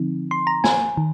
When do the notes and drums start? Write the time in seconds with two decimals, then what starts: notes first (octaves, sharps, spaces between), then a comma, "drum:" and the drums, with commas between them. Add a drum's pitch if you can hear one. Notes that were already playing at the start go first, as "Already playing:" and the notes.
Already playing: D3 F3 C4 D#4
0.31 C6
0.47 A#5
0.64 G#5, drum: snare
0.97 D#3